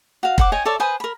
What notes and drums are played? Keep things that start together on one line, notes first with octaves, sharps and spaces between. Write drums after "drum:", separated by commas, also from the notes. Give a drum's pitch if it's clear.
F#4 F5
C5 F#5 D6, drum: kick
C#5 D#5 G5 G#5
A4 C#5 D5 E5
B4 C5 G#5 D#6
A#4 B5